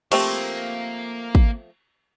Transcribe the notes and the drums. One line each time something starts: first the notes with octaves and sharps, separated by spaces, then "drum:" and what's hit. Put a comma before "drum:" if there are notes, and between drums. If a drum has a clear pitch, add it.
F3 A3 A#3 C4 G4 C#6 E7, drum: cymbal
drum: kick